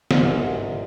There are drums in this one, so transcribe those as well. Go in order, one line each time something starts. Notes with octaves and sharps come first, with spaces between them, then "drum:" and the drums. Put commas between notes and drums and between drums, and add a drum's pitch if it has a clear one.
G1 C2 G#2, drum: snare